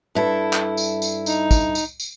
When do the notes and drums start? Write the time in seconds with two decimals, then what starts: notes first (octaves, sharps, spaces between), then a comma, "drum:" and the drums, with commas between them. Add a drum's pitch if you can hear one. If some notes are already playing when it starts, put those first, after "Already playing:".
0.15 G2 E4 A4
0.53 drum: clap
0.77 drum: tambourine
1.02 drum: tambourine
1.26 D#4, drum: tambourine
1.51 drum: kick, tambourine
1.75 drum: tambourine
2.00 drum: tambourine